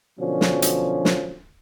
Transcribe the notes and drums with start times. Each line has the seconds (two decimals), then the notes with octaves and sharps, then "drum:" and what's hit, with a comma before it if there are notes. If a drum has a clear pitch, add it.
0.20 B2 D3 F3 F#3 C#4
0.41 drum: snare
0.62 drum: hi-hat
1.05 drum: snare